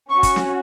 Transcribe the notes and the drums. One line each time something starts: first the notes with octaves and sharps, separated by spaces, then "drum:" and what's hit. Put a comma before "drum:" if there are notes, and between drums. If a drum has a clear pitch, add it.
C#4 F#4 C#6
drum: kick, hi-hat
drum: snare